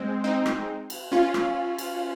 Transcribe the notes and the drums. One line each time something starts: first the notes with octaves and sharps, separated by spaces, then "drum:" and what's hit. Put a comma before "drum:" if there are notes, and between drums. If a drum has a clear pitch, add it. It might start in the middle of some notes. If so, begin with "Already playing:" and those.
Already playing: G#3 C4
C4 D#4
drum: rim click
drum: cymbal
C#4 F4
drum: rim click
drum: cymbal